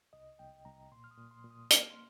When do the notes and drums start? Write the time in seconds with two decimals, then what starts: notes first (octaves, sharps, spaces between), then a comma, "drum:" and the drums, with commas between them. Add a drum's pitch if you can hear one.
0.13 C2 D#5
0.39 C2 G5
0.65 C2 A#5
0.92 A#2 C6
1.04 F6
1.11 D#6
1.17 A#2
1.31 C6
1.44 A#2
1.51 D#6
1.70 A#3 F6, drum: hi-hat
1.90 C6